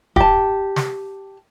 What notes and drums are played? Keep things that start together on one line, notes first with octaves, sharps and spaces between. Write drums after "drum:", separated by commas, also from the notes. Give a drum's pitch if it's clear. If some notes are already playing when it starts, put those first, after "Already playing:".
G4 A5, drum: kick D1
drum: snare